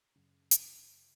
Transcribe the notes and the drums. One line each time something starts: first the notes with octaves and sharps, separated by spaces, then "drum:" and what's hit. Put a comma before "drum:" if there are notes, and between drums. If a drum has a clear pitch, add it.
F#2 C#3
drum: hi-hat